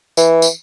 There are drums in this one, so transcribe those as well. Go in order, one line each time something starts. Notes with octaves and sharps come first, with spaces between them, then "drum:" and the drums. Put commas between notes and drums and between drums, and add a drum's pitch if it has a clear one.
E3, drum: tambourine
drum: tambourine